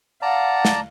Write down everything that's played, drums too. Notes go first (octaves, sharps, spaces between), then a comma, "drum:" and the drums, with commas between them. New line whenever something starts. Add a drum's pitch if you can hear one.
D5 F5 F#5 A5 A#5
drum: snare